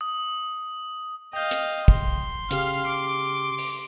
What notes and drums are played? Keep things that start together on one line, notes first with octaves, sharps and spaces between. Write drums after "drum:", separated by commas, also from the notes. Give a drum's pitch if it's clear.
D#6
D#5 F5 G5 G6
drum: hi-hat
C6, drum: kick
C#3 G4 F5 F6, drum: hi-hat
D6
drum: open hi-hat